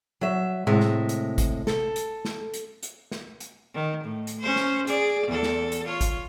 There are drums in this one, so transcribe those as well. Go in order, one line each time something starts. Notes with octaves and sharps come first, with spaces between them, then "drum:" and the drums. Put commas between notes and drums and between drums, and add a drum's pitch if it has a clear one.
F#3 E5
A2 C3 G#3 E5
drum: snare
drum: hi-hat
drum: kick G#1, hi-hat
A4, drum: snare
drum: hi-hat
drum: snare
drum: hi-hat
drum: hi-hat
drum: snare
drum: hi-hat
D#3
A2
drum: hi-hat
C#4 C5
drum: snare
G#4 D5, drum: hi-hat
E2 A4
drum: snare
drum: hi-hat
F4 C#5
drum: kick G#1, hi-hat